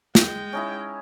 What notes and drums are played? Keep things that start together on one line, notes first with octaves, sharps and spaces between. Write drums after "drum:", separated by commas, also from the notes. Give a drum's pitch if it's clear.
G#3 G5, drum: snare
C#4 D#4 E4